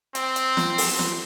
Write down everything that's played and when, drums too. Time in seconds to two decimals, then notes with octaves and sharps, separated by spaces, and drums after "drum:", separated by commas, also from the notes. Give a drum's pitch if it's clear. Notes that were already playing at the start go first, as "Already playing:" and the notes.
0.15 C4, drum: hi-hat
0.36 drum: hi-hat
0.57 drum: snare
0.78 drum: open hi-hat
0.99 drum: snare